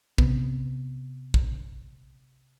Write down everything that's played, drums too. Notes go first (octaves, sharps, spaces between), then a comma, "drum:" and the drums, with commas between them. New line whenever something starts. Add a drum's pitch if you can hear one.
C3 B3, drum: kick
drum: kick